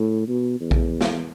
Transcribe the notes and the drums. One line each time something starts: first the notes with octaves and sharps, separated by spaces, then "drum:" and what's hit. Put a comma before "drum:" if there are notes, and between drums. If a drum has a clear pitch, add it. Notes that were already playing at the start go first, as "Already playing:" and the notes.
Already playing: A2
B2
E2
drum: kick A#1
drum: snare